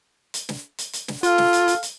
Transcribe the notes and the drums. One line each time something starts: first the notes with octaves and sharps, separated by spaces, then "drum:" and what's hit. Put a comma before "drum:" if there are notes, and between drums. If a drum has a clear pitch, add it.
drum: hi-hat
drum: snare
drum: hi-hat
drum: hi-hat
drum: snare
F4 A4 F5, drum: hi-hat
drum: snare
drum: hi-hat
drum: hi-hat
drum: hi-hat